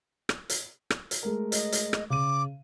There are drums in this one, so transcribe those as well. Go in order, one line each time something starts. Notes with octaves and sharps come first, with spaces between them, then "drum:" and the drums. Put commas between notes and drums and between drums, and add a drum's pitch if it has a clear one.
drum: rim click
drum: hi-hat
drum: rim click
drum: hi-hat
G#3 A3 A#4
D#5, drum: hi-hat
drum: hi-hat
drum: rim click
C#3 D6 D#7